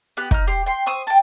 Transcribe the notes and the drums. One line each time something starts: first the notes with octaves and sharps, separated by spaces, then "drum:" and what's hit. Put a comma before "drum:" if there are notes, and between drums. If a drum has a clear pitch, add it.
B3 G4 F#6
D#4 F6, drum: kick
G4 C6
G5 C6
C5 C#6 D#6 E6
G5 A5